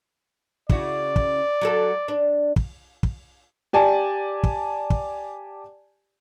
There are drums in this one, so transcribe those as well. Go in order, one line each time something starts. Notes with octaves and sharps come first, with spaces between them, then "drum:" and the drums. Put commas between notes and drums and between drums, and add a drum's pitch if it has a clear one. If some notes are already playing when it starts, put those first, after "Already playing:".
C#3 E4 F#4 D5, drum: kick
drum: kick
F#3 F#4 A4
D4
drum: kick
drum: kick
G4 D5 G#5 A5
drum: kick
drum: kick